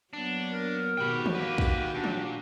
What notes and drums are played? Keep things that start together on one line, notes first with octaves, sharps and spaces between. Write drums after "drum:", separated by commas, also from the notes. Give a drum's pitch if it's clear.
F#3 A#3 B3 D4
A#4
G#2 B2 D#3 F#4 G4 G5 B5
drum: tom D#3
D#3 A#3 A#4 B4
drum: kick
A#2 D4
drum: tom E3